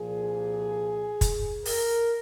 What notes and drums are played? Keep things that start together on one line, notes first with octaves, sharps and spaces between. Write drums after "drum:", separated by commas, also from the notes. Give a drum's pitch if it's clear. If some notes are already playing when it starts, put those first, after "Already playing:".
Already playing: C2 A#2 F3 G#4
drum: kick, hi-hat
A#4, drum: open hi-hat